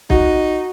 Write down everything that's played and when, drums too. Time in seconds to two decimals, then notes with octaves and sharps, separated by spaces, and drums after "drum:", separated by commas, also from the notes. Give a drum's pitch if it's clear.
0.10 D#4 F#4, drum: kick